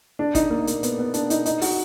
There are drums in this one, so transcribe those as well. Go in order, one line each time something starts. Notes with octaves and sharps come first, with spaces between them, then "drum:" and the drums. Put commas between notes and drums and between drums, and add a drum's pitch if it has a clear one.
D4
D#4, drum: kick G1, hi-hat
A#3
A#3, drum: hi-hat
B3, drum: hi-hat
B3
D4, drum: hi-hat
D#4, drum: hi-hat
D#4, drum: hi-hat
F#4, drum: open hi-hat